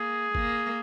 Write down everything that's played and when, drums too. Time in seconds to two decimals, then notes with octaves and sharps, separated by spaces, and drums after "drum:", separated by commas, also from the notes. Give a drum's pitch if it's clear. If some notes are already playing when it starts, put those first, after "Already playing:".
Already playing: A#3 G#4
0.35 A#3, drum: kick